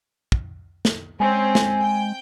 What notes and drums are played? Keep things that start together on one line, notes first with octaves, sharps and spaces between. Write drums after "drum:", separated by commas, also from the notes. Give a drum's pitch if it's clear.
drum: kick
drum: snare
G#3 C4 C#4 G#5
drum: snare
G5